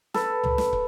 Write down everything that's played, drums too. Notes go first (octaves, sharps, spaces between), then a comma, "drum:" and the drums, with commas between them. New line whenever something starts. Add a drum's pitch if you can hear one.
A4 B4, drum: snare
drum: tom C#2
drum: snare
drum: kick